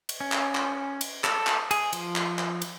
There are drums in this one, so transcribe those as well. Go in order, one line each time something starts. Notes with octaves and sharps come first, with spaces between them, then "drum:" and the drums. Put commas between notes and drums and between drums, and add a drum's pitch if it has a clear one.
drum: cymbal
C#4
drum: clap
drum: clap
drum: cymbal
A4, drum: clap
drum: clap
G#4, drum: cymbal
F3, drum: cymbal
drum: clap
drum: clap
drum: cymbal